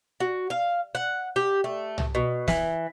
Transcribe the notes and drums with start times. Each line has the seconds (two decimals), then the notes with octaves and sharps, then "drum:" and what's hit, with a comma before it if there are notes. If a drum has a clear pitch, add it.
0.20 F#4
0.50 F5
0.95 F#5
1.36 G4
1.64 A3
1.98 drum: tom
2.15 B2
2.48 E3, drum: snare